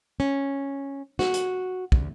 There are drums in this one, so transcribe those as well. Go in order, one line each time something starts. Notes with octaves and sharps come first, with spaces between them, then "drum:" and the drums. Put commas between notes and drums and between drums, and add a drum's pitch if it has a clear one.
C#4
F#4, drum: snare
drum: hi-hat
D2, drum: kick